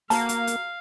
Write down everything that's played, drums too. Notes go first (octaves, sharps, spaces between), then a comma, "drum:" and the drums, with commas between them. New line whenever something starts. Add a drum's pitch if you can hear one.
A#3 F#4 C5 F5 A5 A#5, drum: open hi-hat
drum: hi-hat
drum: hi-hat